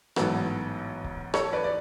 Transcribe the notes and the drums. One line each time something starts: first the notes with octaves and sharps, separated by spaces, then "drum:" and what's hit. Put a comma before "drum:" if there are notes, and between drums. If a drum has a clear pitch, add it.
A1 G#2 F#3 B3 A4, drum: rim click
drum: kick C#1
A4 C#5, drum: rim click
B4 D5
D5